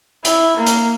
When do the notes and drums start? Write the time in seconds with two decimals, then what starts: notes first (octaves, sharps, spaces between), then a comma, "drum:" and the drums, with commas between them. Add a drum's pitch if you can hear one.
0.25 E4, drum: hi-hat
0.57 A#3
0.66 drum: hi-hat